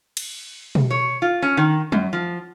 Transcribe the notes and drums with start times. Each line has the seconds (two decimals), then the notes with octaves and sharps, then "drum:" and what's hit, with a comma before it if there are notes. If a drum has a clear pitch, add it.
0.17 drum: cymbal
0.75 drum: tom B2
0.91 C#5
1.22 F4
1.42 C#4
1.57 D#3
1.92 F#2, drum: tom F#3
2.13 F3